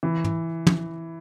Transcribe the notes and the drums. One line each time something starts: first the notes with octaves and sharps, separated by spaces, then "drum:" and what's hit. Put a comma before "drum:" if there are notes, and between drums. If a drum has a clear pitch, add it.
E3
drum: tom
drum: tom